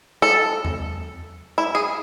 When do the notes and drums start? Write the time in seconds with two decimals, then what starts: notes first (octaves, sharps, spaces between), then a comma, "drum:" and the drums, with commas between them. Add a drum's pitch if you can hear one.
0.22 A4
0.65 drum: tom E2
1.58 E4
1.75 G#4